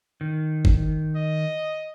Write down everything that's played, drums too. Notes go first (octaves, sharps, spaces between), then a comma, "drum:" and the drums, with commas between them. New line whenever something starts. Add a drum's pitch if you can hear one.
D#3
drum: kick G1
D#5